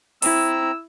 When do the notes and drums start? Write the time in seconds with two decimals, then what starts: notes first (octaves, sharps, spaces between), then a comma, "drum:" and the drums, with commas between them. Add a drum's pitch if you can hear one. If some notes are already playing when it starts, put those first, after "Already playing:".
0.22 C4 E4 A#5 E6, drum: open hi-hat